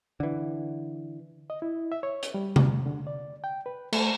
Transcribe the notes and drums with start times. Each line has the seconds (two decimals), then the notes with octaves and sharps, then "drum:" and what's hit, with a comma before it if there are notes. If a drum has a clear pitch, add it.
0.20 D3 E3
1.50 D#5
1.62 E4
1.92 E5
2.03 C#5
2.23 drum: hi-hat
2.34 G3
2.56 drum: tom C3
2.86 D3
3.07 D5
3.44 G5
3.66 B4
3.93 A3, drum: cymbal